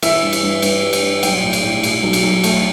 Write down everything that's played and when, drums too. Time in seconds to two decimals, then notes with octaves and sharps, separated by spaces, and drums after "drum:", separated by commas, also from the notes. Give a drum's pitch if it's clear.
0.02 E3 E5, drum: cymbal
0.23 G2
0.33 drum: cymbal
0.43 G2
0.62 G2, drum: cymbal
0.83 G3
0.93 drum: cymbal
1.03 G2
1.23 B1 G5, drum: cymbal
1.43 A2
1.53 drum: cymbal
1.63 A2
1.83 A2, drum: cymbal
2.03 B1
2.13 drum: cymbal
2.23 B1
2.44 A3, drum: cymbal